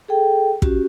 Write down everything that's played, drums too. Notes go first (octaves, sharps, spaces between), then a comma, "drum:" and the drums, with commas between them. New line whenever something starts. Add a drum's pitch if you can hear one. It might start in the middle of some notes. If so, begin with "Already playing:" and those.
G#4 A4 G5
C#4 F#4 G4, drum: kick